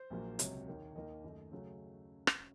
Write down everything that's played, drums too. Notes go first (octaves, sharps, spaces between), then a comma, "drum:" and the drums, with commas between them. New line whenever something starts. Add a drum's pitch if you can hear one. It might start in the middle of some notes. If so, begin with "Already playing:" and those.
Already playing: C5
A#1 A#2 F#3 A#3
C#2 C3 F#3 C#5, drum: hi-hat
D#2 D#3 A#3
D#2 D#3 A#3 D#5
F#2 D#3 A3
C#3 F#3 A3 C#5
drum: rim click